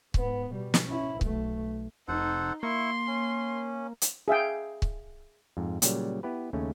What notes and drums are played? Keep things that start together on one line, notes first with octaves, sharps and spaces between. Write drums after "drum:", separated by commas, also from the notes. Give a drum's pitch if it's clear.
G#2 B3, drum: kick C#1
B2 G3
drum: snare
C#4 E4
B1 A3, drum: kick C#1
F1 D#4 A4 C5 F#5
A#3 E4 C6 C#6
C#4
drum: hi-hat
G#4 E5 F5 G5
drum: kick C#1
F2 G#2
A#2 C#3 F#3 G3, drum: hi-hat
B3 E4 G4 B4
D#2 C#3 A3 C#4